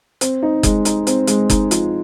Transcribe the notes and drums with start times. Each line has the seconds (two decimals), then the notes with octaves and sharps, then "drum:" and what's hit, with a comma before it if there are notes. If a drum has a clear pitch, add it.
0.21 C4, drum: hi-hat
0.42 D#4
0.63 G#3, drum: kick F#1, hi-hat
0.85 D#4, drum: hi-hat
1.07 C4, drum: hi-hat
1.27 G#3, drum: hi-hat
1.50 D#4, drum: kick F#1, hi-hat
1.71 F3, drum: hi-hat